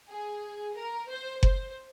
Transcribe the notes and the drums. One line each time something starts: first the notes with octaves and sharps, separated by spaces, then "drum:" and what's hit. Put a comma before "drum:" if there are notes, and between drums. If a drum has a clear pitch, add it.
G#4
A#4
C5
C5, drum: kick F#1